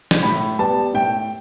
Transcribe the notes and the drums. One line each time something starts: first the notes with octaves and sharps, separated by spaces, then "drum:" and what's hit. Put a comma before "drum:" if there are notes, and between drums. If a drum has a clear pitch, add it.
drum: snare
A2 B5
G3 B3 A5
A2 G5